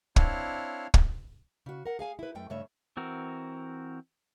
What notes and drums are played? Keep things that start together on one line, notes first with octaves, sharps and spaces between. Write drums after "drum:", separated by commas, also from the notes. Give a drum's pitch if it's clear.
C4 D4 E4 C#5 F5, drum: kick
drum: kick
C#3 F#4
A#4 F#5
G#4 F5 G#5
E4 B4
F#2 A3 G5
G2 C#3 A3 C#5 E5
E3 C4 F#4 A#4